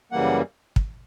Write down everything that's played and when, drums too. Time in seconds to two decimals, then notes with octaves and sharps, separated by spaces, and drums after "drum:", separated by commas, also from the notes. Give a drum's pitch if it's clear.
0.12 F#2 C#3 E3 G3 A#3 F#5
0.76 drum: kick